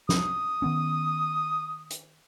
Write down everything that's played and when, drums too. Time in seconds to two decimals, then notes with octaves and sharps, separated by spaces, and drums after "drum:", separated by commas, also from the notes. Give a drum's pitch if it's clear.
0.09 D#6, drum: snare
0.62 D#3 B3 C#4
1.90 drum: hi-hat